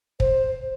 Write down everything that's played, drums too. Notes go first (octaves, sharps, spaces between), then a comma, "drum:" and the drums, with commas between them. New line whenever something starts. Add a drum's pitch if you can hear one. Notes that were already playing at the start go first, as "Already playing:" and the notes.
C5, drum: kick